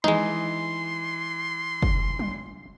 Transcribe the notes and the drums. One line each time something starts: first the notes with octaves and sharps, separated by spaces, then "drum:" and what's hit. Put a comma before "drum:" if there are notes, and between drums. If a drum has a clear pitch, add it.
E3 G#3 D#4 C6, drum: tom D#3
drum: kick
drum: tom F#3